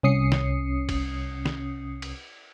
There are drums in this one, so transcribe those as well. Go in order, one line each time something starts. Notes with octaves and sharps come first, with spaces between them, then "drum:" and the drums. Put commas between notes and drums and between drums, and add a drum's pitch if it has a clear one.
C2 C#4 D#6 C7 C#7
drum: snare
drum: kick, cymbal
drum: snare
drum: cymbal